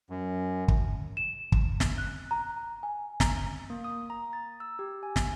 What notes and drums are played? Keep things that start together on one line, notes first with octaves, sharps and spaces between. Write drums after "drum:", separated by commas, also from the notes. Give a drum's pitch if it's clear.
F#2
drum: kick
E7
drum: kick
drum: snare
F#6
A#5
G#5
A#5, drum: snare
A#3
D#6
A#5
A6
E6
G4
G#5
drum: snare